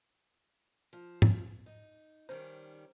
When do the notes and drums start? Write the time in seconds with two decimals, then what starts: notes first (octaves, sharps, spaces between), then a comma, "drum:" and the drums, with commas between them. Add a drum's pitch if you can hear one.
0.93 F3
1.22 drum: tom
1.66 D#4
2.29 D#3 G3 C#4 C5